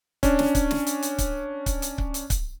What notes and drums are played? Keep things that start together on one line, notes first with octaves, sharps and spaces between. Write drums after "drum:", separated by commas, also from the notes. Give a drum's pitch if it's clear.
C#4 D4, drum: kick C#1, hi-hat
drum: snare
drum: kick C#1, hi-hat
drum: snare
drum: hi-hat
drum: hi-hat
drum: kick C#1, hi-hat
drum: kick C#1, hi-hat
drum: hi-hat
drum: kick C#1
drum: hi-hat
drum: kick C#1, hi-hat